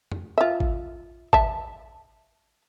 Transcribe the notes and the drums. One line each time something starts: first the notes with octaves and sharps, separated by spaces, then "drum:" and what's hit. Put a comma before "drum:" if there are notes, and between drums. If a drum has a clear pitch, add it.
drum: tom
F4 E5
drum: kick G#1
E5 A5, drum: kick G#1